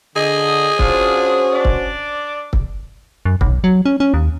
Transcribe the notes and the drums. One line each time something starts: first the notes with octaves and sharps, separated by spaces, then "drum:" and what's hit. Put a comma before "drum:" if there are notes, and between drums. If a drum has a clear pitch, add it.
D3 G#4 D#5
C#4 D4 F4 F#4 C5, drum: kick
D4 D5
drum: kick
drum: kick
F#2
B1, drum: kick
F#3
C#4
C#4
D#2